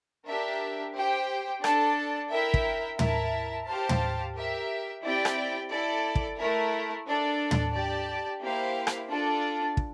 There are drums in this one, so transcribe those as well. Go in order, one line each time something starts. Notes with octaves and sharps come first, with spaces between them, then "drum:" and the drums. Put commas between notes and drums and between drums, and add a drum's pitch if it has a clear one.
D4 G4 A#4 E5
G4 C5 G5
D4 A4 D5 A5, drum: rim click
E4 A#4 E5 G5
drum: kick
E4 A#4 E5 A5, drum: tom
G4 C5 F5 A5
drum: tom
G4 A#4 E5
C4 E4 G4 D5 G5
drum: rim click
E4 A4 D5
drum: kick
A3 E4 A#4
D4 A4 D5
drum: tom
G4 D5 A5
A#3 E4 G4 C5 F5
drum: rim click
D4 F4 A4 D5 A5
drum: kick